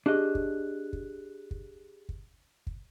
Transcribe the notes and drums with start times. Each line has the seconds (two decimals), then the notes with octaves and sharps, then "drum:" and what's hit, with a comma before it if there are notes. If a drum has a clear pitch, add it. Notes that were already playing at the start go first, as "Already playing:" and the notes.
0.06 D4 G4 G#4 D#5 F#6
0.35 drum: kick
0.93 drum: kick
1.51 drum: kick
2.09 drum: kick
2.67 drum: kick